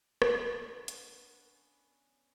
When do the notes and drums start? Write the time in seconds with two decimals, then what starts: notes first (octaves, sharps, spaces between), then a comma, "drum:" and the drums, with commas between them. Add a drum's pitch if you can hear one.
0.22 B3 C#4 D4, drum: rim click
0.88 drum: hi-hat